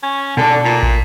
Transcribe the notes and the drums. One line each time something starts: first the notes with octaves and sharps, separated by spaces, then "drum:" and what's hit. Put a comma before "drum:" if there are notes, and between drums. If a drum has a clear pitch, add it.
C#4
B2 D3 A4 D5
A#2
drum: kick